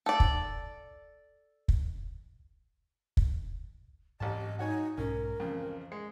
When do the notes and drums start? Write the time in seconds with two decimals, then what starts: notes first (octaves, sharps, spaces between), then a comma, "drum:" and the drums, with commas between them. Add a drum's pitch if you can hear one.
0.06 A4 D5
0.20 drum: kick
1.68 drum: kick
3.17 drum: kick
4.20 A1 G#2 F#3 C4 G4 D#5 A5
4.59 D#4 F#4 C#5 G#5
4.97 B1 G#2 C#4 A#4
5.40 F2 C#3 E3
5.92 G#3